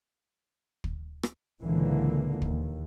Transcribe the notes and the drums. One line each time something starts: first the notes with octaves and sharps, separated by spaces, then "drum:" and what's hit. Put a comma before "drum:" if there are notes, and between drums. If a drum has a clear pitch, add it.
drum: kick
drum: rim click
C#2 A#2 D3 E3 A#3
D#2, drum: kick